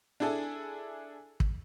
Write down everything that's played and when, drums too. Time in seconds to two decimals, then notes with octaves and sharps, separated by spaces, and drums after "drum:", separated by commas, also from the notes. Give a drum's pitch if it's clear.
0.20 D4 E4 G#4 A4
1.40 drum: kick